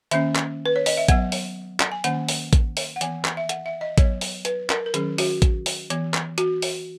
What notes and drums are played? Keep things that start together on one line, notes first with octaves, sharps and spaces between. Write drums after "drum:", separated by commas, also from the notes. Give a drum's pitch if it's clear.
D#3 A#3 C#4 E5, drum: hi-hat
drum: clap
B4
C#5
D#5, drum: open hi-hat
E5
F#3 B3 F#5, drum: kick A1, hi-hat
drum: open hi-hat
drum: clap
G#5
D#3 A#3 C#4 F#5, drum: hi-hat
drum: open hi-hat
drum: kick A1, hi-hat
drum: open hi-hat
F#5
E3 B3 G#5, drum: hi-hat
drum: clap
E5
F#5, drum: hi-hat
E5
D#5
F#3 B3 C#5, drum: kick A1, hi-hat
drum: open hi-hat
B4, drum: hi-hat
A#4, drum: clap
A#4
D#3 F#3 C#4 G#4, drum: hi-hat
F#4, drum: open hi-hat
drum: kick A1, hi-hat
drum: open hi-hat
E3 B3, drum: hi-hat
drum: clap
F#4, drum: hi-hat
drum: open hi-hat